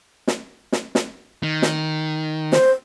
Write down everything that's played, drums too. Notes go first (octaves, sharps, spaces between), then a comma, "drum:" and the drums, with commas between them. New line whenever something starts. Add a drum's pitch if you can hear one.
drum: snare
drum: snare
drum: snare
D#3
drum: snare
C5, drum: snare